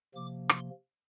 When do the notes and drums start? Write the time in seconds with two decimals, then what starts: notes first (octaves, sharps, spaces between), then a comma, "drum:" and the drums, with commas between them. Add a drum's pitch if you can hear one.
0.14 C3 F3 A#3 D6
0.49 C6, drum: rim click